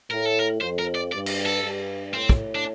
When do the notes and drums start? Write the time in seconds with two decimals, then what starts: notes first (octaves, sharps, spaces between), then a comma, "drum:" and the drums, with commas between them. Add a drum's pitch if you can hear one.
0.11 A2 A#4
0.25 A4
0.39 A#4
0.61 F2 C5
0.79 A#4
0.95 D5
1.12 G2 D5
1.26 drum: cymbal
1.46 A4
1.63 G2
2.13 A2 C4
2.29 drum: kick
2.55 D4